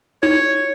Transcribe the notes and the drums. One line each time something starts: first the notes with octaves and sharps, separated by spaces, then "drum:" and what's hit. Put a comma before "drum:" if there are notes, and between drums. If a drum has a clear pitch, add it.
C#5, drum: tom D#4